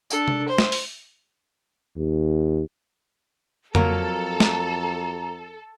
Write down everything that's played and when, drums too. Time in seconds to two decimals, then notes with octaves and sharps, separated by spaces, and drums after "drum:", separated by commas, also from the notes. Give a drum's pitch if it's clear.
0.10 D4 A4, drum: tambourine
0.28 drum: tom C3
0.48 C5
0.58 drum: snare
0.72 drum: open hi-hat
1.96 D#2
3.75 F2 F#3 A#3 A4 A#5, drum: tom F2
4.40 drum: snare